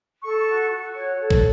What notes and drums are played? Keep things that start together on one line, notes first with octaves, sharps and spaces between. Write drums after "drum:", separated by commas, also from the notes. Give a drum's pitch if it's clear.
A4 C#6
F#4
F#4
C#5
A4
drum: kick